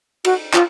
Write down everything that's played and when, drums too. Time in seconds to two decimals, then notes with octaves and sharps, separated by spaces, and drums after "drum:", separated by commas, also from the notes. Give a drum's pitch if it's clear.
0.25 F#4, drum: cymbal
0.54 F4, drum: clap